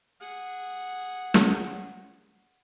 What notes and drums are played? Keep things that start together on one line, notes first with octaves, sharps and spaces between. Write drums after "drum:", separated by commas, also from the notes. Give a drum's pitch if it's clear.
G#4 F#5
drum: snare